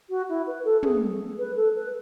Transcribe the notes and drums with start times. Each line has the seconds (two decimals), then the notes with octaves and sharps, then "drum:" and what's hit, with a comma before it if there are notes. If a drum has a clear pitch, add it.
0.09 F#4
0.28 E4
0.46 B4
0.64 A4
0.83 G#4, drum: tom
1.38 B4
1.55 A4
1.75 B4